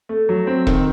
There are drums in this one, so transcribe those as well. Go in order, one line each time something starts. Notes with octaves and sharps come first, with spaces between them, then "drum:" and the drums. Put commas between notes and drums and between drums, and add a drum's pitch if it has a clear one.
A3
F#3
C4
D#3, drum: kick E1